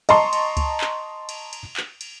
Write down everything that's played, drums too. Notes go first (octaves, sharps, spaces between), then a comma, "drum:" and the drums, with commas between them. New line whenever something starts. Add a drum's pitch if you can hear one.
D#5 A5 A#5 C6 C#6, drum: cymbal
drum: cymbal
drum: kick C#2, cymbal
drum: clap
drum: cymbal
drum: cymbal
drum: clap
drum: cymbal